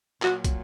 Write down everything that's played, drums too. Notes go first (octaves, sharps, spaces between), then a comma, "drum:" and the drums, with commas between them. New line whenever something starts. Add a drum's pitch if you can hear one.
A#2 F#3 F#4, drum: clap
drum: kick, hi-hat